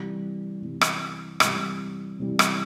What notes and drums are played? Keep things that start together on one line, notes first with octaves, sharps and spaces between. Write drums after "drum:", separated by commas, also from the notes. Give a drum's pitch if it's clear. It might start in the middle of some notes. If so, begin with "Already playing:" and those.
Already playing: C3 E3 G3
C3 E3 G3
drum: rim click
C3 E3 G3, drum: rim click
C3 E3 G3
drum: rim click